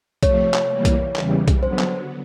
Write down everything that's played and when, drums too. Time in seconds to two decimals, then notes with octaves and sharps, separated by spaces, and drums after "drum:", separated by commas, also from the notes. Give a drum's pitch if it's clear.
0.23 C3 F3 A3 C#5, drum: kick B1, hi-hat
0.54 drum: clap
0.69 E3 G3 A#3
0.85 drum: kick B1, hi-hat
1.16 E2 C#3 E3 G3, drum: clap
1.48 drum: kick B1, hi-hat
1.63 D3 F#3 B3 C5
1.79 drum: clap